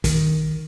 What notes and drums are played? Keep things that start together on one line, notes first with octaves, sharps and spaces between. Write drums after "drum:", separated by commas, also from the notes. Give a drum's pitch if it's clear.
D#3, drum: kick, hi-hat